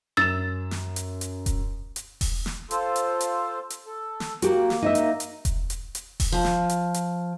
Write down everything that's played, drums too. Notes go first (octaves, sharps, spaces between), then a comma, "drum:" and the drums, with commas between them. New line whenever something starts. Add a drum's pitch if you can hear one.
F#2 E6 A6 E7
drum: snare
drum: hi-hat
drum: hi-hat
drum: kick E1, hi-hat
drum: hi-hat
drum: kick E1, open hi-hat
drum: snare
F4 A4 C5, drum: hi-hat
drum: hi-hat
drum: hi-hat
drum: hi-hat
A4
drum: snare
A#3 F#4 G4, drum: hi-hat
drum: snare
D#4 D#5 E5
drum: hi-hat
drum: hi-hat
drum: kick E1, hi-hat
drum: hi-hat
drum: hi-hat
drum: kick E1, open hi-hat
F3
drum: snare
drum: hi-hat
drum: hi-hat